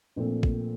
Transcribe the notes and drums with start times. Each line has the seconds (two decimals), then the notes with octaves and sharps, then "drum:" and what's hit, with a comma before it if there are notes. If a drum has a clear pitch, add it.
0.16 A#1 A#2 A3 C4
0.43 drum: kick